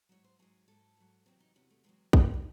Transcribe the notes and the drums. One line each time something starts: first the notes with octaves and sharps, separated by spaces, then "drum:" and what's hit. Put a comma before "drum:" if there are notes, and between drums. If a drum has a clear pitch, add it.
G#2 F#3 C#5
C5
G#2 F#3 G#4
G#2 F#3 A4
G#2 F#3
E2 C3 F#3 C4
D#4
E2 C3 F#3 C#4
A3
E2 C3 F#3 G#3
E2 C3 F#3 G#3, drum: kick
A3
G#3